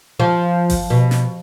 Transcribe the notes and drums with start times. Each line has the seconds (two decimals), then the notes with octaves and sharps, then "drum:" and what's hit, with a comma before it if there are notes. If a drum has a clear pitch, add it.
0.20 F3
0.70 drum: kick G1, open hi-hat
0.90 B2
1.11 drum: snare